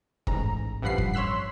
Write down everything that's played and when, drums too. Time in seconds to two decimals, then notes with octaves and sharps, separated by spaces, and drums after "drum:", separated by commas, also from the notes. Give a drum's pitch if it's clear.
0.27 A1 G#2 A#5, drum: kick
0.82 A1 G2 F3 F#5 B5 C7
0.98 drum: kick
1.14 C#5 C6 E6 F#6 B6